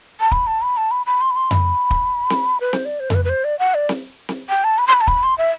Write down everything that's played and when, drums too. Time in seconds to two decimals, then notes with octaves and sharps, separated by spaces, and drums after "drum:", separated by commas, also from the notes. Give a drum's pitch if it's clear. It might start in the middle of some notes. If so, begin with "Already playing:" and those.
0.20 A5
0.32 B5, drum: kick
0.47 A5
0.62 B5
0.77 A5
0.91 B5
1.06 B5
1.21 C6
1.30 B5
1.36 C6
1.51 B5, drum: tom F2
1.91 drum: kick
2.30 drum: snare C4
2.60 B4
2.73 C5, drum: snare C4
2.85 D5
3.00 C5
3.10 A4, drum: tom F2
3.15 B4
3.25 B4
3.29 C5
3.44 D5
3.59 F#5
3.74 D5
3.89 drum: snare C4
4.29 drum: snare C4
4.49 G5
4.64 A5
4.78 B5
4.87 C6
4.93 B5
5.01 A5
5.07 B5, drum: kick
5.23 C6
5.38 E5